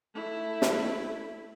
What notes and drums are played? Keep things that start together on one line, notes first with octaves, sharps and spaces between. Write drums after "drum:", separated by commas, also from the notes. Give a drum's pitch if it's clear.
A3 E4
drum: snare